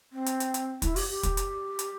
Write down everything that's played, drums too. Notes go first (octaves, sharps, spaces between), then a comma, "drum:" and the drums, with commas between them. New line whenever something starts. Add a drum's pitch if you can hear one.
C4
drum: hi-hat
drum: hi-hat
drum: hi-hat
E4, drum: kick, hi-hat
G4, drum: open hi-hat
G4
drum: kick, hi-hat
drum: hi-hat
drum: hi-hat